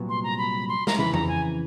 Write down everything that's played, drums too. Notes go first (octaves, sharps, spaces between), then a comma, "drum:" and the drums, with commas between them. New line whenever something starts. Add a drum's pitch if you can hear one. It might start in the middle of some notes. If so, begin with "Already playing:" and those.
Already playing: C2 A#2 F#3 B3
C6
A#5
B5
C6
A#5, drum: snare
F2 C#3 E3 B5
A#5, drum: tom F2
G#5